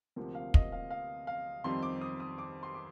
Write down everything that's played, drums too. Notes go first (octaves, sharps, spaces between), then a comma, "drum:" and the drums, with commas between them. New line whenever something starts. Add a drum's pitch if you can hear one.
D2 C3 F3 A#3
F5
D#5, drum: kick
F5
F5
F5
F2 D#3 G3 C4 C6
D6
D#6
D#6
D6
C6
D6